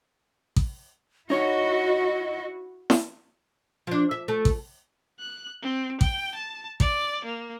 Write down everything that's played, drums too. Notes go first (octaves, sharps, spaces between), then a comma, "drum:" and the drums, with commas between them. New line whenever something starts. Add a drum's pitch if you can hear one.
drum: kick A1
D#4 E4 F#4 C#5 D#5
drum: snare E4
F3 D4
E5
A3
drum: kick A1
F#6
C4
G5, drum: kick A1
A5
D5, drum: kick A1
A#3